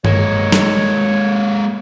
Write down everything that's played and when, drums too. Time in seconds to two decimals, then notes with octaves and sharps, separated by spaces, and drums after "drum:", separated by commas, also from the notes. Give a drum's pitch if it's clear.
0.05 G#3 A#3 C#5, drum: tom G2
0.52 drum: snare